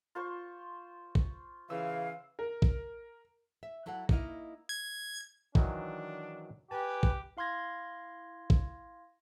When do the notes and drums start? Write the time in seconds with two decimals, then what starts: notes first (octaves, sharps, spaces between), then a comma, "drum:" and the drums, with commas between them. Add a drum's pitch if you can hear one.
0.15 F4 C5 C#6
1.15 drum: kick
1.70 C#3 E3 F5 E6
2.39 A#4
2.62 drum: kick
3.63 E5
3.86 F#3 E4 A4 F5 F#5
4.09 A#3 D#4 E4 D#5 F5, drum: kick
4.69 G#6
5.55 D#3 E3 F#3 D4, drum: kick
6.71 G4 B4 G#5 A5
7.03 drum: kick
7.37 E4 F5 C6 F6 G#6 A#6
8.50 drum: kick